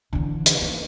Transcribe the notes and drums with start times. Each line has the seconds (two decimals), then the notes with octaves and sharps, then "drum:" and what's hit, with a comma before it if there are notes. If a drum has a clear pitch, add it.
0.13 D3 E3
0.46 drum: hi-hat
0.61 A#3